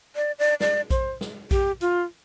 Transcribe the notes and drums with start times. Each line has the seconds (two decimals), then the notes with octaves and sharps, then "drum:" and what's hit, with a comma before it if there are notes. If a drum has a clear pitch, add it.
0.16 D5
0.39 D5
0.60 D5, drum: snare
0.90 C5, drum: kick A#1, hi-hat
1.21 drum: snare
1.51 G4, drum: kick A#1, hi-hat
1.81 F4, drum: hi-hat